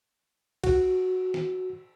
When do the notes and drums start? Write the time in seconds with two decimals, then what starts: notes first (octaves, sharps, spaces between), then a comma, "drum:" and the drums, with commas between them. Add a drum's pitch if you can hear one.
0.64 F#4, drum: kick, cymbal
1.34 drum: snare